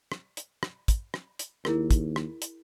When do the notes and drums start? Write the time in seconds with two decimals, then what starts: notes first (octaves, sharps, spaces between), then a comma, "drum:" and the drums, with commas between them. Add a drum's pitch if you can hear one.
0.12 drum: rim click
0.37 drum: hi-hat
0.63 drum: rim click
0.88 drum: kick, hi-hat
1.14 drum: rim click
1.39 drum: hi-hat
1.65 D#2 E4 G#4 A#4, drum: rim click
1.91 drum: kick, hi-hat
2.16 drum: rim click
2.42 drum: hi-hat